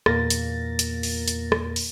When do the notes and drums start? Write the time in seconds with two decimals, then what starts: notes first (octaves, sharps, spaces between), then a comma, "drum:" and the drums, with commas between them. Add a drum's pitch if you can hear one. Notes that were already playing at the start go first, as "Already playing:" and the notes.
0.06 E2 A#2 A#3 A#4 A6 A#6, drum: rim click
0.30 drum: hi-hat
0.79 drum: hi-hat
1.03 drum: open hi-hat
1.28 drum: hi-hat
1.52 drum: rim click
1.76 drum: open hi-hat